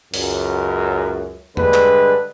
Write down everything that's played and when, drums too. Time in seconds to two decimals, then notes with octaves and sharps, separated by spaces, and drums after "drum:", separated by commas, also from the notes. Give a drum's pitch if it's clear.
0.14 C#2 F#2, drum: open hi-hat
1.57 G2 D3 G#3 B4, drum: tom E2
1.74 drum: clap